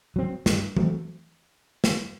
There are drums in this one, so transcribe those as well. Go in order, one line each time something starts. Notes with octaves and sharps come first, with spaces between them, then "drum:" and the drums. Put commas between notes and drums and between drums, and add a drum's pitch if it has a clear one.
F#3 C4
G2, drum: snare
F#3 A3 C4, drum: tom E3
drum: snare